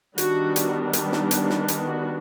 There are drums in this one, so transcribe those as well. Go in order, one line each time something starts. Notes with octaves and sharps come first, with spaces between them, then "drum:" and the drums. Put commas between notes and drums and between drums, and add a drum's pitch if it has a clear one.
D#3 G3 B3 D4 F#4, drum: hi-hat
drum: hi-hat
drum: hi-hat
drum: snare
drum: hi-hat
drum: snare
drum: hi-hat
F#4